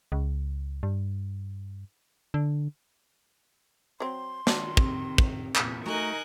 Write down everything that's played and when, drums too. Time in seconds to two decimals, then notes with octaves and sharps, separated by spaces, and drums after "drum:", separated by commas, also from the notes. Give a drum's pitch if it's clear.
0.12 C#2
0.83 G2
2.34 D3
4.00 F#3 C4 C6
4.47 D#3 F#3 D4, drum: snare
4.77 C3, drum: kick
5.18 drum: kick
5.55 E2 A#2, drum: clap
5.86 A3 D#4 F#4 A#4 G#5 A#5 F#6